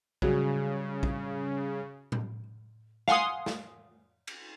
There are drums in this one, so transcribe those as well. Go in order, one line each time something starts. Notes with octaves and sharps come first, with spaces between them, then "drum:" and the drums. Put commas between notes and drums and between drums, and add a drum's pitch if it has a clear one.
C#3 F#3 G3 G#4, drum: kick
drum: kick
drum: tom A2
F5 F#5 G#5 C6 D#6, drum: snare
drum: snare
drum: cymbal